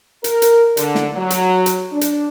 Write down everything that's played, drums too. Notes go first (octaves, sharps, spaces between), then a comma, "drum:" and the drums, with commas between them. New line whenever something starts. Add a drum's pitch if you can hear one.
A#4, drum: hi-hat
drum: hi-hat
D3, drum: hi-hat
drum: snare
F#3
drum: hi-hat
drum: hi-hat
D4
drum: hi-hat